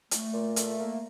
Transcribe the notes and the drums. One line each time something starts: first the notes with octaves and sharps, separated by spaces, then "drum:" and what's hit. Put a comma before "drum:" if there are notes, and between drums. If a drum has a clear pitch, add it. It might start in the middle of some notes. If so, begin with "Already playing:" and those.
A3, drum: hi-hat
A#2
A3, drum: hi-hat
A#3